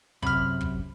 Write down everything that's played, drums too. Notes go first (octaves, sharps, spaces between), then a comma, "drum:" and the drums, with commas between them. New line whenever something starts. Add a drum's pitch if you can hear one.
F#2 C3 B5 F6, drum: kick
drum: kick